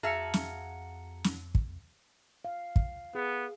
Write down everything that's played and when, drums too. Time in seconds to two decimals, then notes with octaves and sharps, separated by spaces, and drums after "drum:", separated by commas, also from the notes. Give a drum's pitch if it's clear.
0.03 F2 F#4 G#4 E5 F5 A5 A#5 C#7
0.34 drum: snare
1.24 drum: snare
1.55 drum: kick
2.45 F5
2.76 drum: kick
3.15 B3 G#4